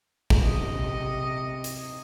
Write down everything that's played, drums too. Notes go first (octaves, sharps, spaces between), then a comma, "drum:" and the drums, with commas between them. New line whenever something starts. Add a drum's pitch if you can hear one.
drum: kick
C3 D#5
drum: hi-hat